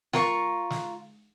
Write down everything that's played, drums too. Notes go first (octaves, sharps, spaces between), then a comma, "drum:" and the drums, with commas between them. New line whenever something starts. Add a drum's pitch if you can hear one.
F4 A#4 C#6, drum: snare
drum: snare